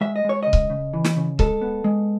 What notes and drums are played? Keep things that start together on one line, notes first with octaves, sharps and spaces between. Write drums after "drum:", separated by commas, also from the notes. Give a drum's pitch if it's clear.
G#3 E5
D#5
G#3 C#5
C#3 D#5
drum: kick C#1
C#3
E3
drum: snare
C#3
G#3 A4, drum: kick C#1
B3
G#3